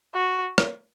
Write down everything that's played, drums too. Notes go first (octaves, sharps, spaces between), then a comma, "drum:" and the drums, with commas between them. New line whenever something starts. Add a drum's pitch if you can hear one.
F#4
drum: rim click